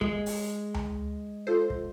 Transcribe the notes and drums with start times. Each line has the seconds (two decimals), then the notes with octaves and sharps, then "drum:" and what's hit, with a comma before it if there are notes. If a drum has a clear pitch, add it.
0.01 G#3, drum: kick
0.26 drum: open hi-hat
0.74 drum: tom D2
1.47 F4 A4 C5
1.70 drum: kick